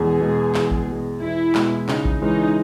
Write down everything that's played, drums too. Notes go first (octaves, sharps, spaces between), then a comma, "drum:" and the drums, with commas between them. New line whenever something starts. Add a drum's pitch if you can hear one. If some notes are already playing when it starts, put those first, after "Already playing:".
Already playing: E2 B2 G#3 G#4
B2 G#3
E2, drum: clap
drum: kick A1
B2 G#3
E2 E4
B2 G#3, drum: clap
C#3 D#4, drum: clap
drum: kick A1
E3 G#3 C#4 D#4